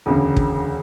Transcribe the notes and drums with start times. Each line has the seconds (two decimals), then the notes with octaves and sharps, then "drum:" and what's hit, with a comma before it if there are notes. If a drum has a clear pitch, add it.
0.06 E1 D2 C#3
0.36 drum: kick